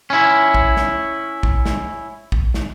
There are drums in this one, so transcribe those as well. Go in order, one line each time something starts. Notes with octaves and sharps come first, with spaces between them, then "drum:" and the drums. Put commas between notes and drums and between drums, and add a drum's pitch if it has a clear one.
C#4 E4
drum: kick
drum: snare
drum: kick
drum: snare
drum: kick
drum: snare